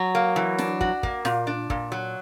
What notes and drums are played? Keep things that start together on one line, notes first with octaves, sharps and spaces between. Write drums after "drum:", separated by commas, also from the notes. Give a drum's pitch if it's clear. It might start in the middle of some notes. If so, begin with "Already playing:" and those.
Already playing: F#3
A#3
E3
D4, drum: snare
F#4, drum: kick
A#3, drum: kick
A#2, drum: snare
D4
A#2, drum: kick
F#3